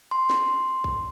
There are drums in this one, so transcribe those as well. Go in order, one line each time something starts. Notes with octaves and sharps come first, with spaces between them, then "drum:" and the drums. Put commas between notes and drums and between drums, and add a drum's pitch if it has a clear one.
C6
drum: snare
drum: kick B1